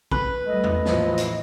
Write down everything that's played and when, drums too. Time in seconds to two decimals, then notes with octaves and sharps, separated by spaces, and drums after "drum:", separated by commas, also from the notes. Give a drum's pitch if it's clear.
0.11 B4, drum: kick
0.46 G3 A3 D#5
0.64 drum: tom E2
0.85 A1 E3 F3, drum: snare
1.18 drum: hi-hat